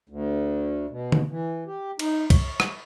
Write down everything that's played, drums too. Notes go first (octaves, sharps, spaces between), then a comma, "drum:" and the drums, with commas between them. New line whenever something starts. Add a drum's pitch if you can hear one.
D2
B2
drum: tom D3
E3
G4
D#4, drum: cymbal
C#5, drum: kick, cymbal
drum: rim click